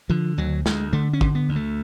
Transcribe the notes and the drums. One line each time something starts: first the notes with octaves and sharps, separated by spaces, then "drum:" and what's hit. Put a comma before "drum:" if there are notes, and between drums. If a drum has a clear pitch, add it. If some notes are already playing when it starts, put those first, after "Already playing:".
D3 F3
D2 F#3
D2 G#3, drum: snare
D3 A3
C#4
D3, drum: kick
B3
D2
A3